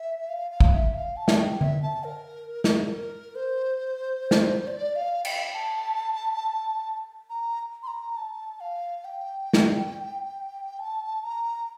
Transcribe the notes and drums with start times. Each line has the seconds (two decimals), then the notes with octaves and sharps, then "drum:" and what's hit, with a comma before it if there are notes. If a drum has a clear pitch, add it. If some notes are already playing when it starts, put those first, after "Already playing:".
Already playing: E5
0.29 F5
0.51 F5
0.60 drum: kick
0.73 E5
0.95 F5
1.16 A5
1.28 drum: snare
1.39 G5
1.61 E5, drum: tom D3
1.83 A5
2.04 A#4
2.64 drum: snare
2.92 A#4
3.35 C5
4.31 drum: snare
4.67 D5
4.96 F5
5.25 G5, drum: cymbal
5.54 A5
7.30 A#5
7.83 C6
7.87 A#5
8.17 A5
8.60 F5
9.05 G5
9.53 drum: snare
10.79 A5
11.23 A#5